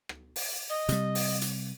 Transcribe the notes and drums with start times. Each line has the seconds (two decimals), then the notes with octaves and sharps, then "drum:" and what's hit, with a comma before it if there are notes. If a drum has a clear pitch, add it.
0.09 drum: rim click
0.36 drum: open hi-hat
0.69 D#5
0.89 C3 G3, drum: hi-hat
1.15 drum: open hi-hat
1.41 drum: hi-hat